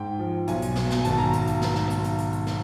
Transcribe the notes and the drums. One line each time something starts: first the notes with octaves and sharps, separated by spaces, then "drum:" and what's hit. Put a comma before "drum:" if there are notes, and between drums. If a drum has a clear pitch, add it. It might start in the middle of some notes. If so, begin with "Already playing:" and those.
Already playing: G#2 G5
F3
B1 G#5, drum: hi-hat
drum: hi-hat
B2, drum: snare
drum: snare
G#5
G#1 A5, drum: hi-hat
A#5
drum: hi-hat
drum: hi-hat
drum: snare
drum: snare
drum: hi-hat
drum: hi-hat
drum: hi-hat
drum: hi-hat
drum: snare